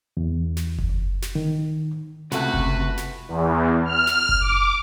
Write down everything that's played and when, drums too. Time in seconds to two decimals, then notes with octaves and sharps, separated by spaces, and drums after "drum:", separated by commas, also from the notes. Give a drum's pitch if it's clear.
0.17 E2
0.57 drum: snare
0.79 drum: kick F#1
1.22 drum: snare
1.35 D#3
2.32 C#2 C3 A3 F#4 B4, drum: snare
2.54 drum: kick F#1
2.97 drum: snare
3.28 E2
3.85 F6
4.07 drum: snare
4.29 drum: kick F#1
4.40 D6